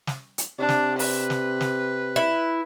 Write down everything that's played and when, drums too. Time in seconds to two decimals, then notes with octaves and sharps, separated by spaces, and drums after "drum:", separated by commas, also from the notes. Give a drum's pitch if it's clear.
0.07 drum: snare
0.38 drum: hi-hat
0.59 C3 D4
0.69 drum: snare
0.99 B4, drum: open hi-hat
1.30 drum: snare
1.61 drum: snare
2.16 E4